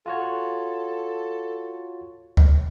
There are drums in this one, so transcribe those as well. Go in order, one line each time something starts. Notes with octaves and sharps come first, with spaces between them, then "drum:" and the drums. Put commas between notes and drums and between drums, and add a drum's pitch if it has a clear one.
F4 F#4 A4 C#5
drum: kick C#2